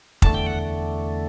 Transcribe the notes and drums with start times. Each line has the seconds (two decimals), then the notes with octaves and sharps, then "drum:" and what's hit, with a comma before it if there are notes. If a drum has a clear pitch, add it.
0.22 E2 D3 A3 A5, drum: kick
0.34 G5
0.47 F#5